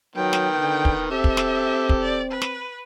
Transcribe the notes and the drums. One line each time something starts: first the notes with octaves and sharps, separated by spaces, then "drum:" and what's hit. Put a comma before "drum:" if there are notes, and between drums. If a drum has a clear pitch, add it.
D#3 F#3 B3 G5
drum: snare
D3
drum: kick
C4 G4 A4 E5
drum: kick
drum: snare
drum: kick
D5
B4
drum: snare